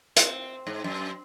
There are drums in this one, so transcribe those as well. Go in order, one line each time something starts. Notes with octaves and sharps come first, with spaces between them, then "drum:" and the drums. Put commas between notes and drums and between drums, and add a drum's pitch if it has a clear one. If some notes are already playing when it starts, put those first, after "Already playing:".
C4, drum: hi-hat
G#2
F#2